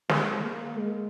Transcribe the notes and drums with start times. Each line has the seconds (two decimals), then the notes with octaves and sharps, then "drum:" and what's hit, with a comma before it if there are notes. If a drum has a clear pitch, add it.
0.09 G#3, drum: snare
0.43 A#3
0.78 G#3